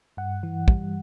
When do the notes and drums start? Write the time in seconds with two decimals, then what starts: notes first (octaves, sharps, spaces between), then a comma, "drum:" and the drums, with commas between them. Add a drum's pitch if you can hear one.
0.17 G2 F#5
0.43 E3
0.68 G3, drum: kick